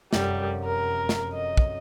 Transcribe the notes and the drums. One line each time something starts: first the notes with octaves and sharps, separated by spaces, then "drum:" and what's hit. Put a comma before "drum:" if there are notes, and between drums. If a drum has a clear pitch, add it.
F1 F#2 G3, drum: snare
A#4
drum: snare
D#5
drum: kick